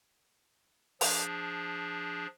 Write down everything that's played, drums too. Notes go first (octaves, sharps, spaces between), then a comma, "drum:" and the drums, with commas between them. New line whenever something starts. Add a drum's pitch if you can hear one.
F3 D4 G#4, drum: open hi-hat